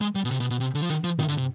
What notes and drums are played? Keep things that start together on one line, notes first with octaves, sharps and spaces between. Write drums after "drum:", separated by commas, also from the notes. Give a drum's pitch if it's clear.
G#3
G3
B2
C3, drum: hi-hat
B2
B2
C3
D3
F3
D#3, drum: hi-hat
F3
D#3, drum: tom G2
D3
C3